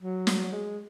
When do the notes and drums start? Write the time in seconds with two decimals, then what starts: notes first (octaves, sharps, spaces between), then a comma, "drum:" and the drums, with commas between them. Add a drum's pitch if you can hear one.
0.02 F#3
0.27 drum: snare
0.52 G#3